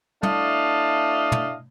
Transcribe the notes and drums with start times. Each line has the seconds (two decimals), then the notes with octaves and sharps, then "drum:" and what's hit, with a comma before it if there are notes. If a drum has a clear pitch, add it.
0.23 A3 D4 E4 D#5 F5, drum: tom
1.32 drum: tom